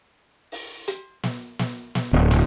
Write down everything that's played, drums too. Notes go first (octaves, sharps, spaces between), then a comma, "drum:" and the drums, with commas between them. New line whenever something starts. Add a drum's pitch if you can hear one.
drum: open hi-hat
drum: hi-hat
drum: snare
drum: snare
drum: snare
D1
drum: snare